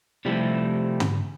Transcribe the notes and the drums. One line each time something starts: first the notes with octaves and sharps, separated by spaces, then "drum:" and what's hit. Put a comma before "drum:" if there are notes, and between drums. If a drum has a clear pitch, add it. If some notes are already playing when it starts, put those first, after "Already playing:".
C3 F3 G3 A3 E4
drum: tom